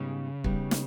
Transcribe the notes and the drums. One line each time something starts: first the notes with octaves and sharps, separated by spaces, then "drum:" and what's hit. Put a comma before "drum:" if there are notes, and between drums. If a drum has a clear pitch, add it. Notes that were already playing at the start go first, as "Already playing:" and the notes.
Already playing: G#2 C#3 G3 B3 D#4
G3 B3 D#4, drum: kick
drum: snare